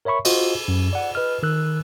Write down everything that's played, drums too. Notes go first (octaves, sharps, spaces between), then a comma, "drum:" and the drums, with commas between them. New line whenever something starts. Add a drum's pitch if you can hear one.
A#4 C#5 E5 B5 C#6
F4 F#4 C5 D#5, drum: cymbal
F#2
D5 F#5
B4 D#5 F6
D#3 A#4 E6 F#6